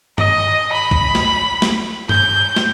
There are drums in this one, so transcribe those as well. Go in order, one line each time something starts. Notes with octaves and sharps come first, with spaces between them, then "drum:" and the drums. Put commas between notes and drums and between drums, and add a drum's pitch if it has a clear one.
D#5, drum: tom G2
B5
drum: kick
drum: snare
drum: snare
G6, drum: tom G2
drum: snare